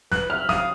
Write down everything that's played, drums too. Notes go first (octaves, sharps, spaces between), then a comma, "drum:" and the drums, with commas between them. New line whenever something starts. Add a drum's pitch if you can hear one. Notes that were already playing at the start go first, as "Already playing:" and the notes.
B4 F#6, drum: snare
E5 F6
F5 D#6, drum: snare